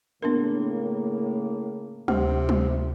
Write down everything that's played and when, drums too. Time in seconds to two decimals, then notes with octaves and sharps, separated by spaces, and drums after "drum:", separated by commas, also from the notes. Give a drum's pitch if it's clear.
0.22 A2 C#3 A#3 B3 D4 A#4
2.08 D2 C3, drum: tom F#3
2.49 drum: tom F#3